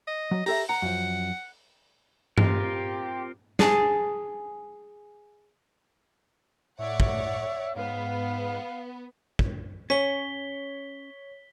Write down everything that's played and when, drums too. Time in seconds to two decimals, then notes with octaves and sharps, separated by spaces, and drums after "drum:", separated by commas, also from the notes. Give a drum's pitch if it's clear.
0.08 D#5
0.31 F#3
0.46 G4 A4 E5 A#5, drum: open hi-hat
0.69 F#5 A#5
0.82 F#2 F3
2.38 C4 F4 G4 A#4, drum: tom G2
3.59 G#4 A5, drum: snare
6.79 A2 C#5 D5 E5 F#5
7.00 drum: kick
7.76 G#2 B3 F5
9.39 drum: kick
9.90 C#4 C#5 B6 G7